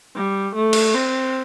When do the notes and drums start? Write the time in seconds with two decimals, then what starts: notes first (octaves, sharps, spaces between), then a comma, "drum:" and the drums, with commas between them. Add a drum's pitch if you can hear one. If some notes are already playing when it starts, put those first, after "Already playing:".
0.16 G3
0.55 A3
0.73 drum: cymbal
0.94 C4